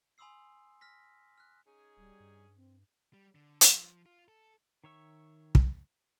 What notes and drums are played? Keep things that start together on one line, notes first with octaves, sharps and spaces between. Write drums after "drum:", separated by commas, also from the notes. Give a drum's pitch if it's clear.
G#5 B5 C6 D#6 E6 C7
F6 A#6 B6
F6 F#6
C#4 D#4 G#4
D1 G3
G2
C4
G3
D3
F3, drum: hi-hat
F4
A4
D#3 C#5 E5 C#6
drum: kick